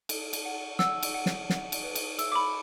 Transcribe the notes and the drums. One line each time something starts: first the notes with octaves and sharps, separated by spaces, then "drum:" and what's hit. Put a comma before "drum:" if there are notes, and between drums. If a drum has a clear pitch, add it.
A4, drum: cymbal
drum: cymbal
F#5
F#5 E6, drum: snare
drum: cymbal
F#5
drum: snare
F#5, drum: snare
drum: cymbal
B4
drum: cymbal
E5 E6, drum: cymbal
D6
B5